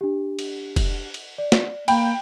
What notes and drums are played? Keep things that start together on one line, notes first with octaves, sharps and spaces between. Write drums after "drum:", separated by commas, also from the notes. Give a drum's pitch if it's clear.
D4 G4
drum: cymbal
drum: kick F1, cymbal
drum: cymbal
D5
drum: snare
A#3 G5 B5, drum: cymbal